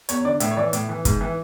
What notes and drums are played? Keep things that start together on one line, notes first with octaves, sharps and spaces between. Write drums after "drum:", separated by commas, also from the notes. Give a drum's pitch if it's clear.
E2 C#5, drum: hi-hat
D3 D5
A2 E5, drum: hi-hat
C#5
E3 D5
A2, drum: hi-hat
E3
G#2, drum: kick, hi-hat
E3